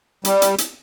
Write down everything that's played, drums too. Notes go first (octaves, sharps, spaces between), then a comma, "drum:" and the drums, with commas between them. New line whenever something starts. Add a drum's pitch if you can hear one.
G3, drum: hi-hat
drum: hi-hat
drum: hi-hat